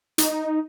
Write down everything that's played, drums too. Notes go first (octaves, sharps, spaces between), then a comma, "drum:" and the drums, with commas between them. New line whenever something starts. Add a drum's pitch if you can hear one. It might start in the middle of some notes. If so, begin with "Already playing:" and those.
D#4, drum: hi-hat